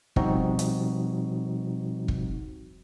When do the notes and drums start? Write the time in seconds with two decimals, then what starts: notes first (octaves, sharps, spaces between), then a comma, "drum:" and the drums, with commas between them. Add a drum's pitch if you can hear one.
0.16 B2 F3 G3 C4 D#4 F#4, drum: kick
0.59 drum: hi-hat
2.08 drum: kick